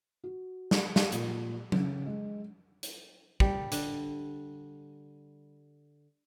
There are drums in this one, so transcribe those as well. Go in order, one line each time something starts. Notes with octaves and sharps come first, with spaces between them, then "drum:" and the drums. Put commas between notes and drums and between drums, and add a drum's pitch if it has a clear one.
F#4
drum: snare
F5, drum: snare
A#2, drum: hi-hat
C#3, drum: tom F#3
G#3
drum: hi-hat
G3, drum: kick
D3, drum: hi-hat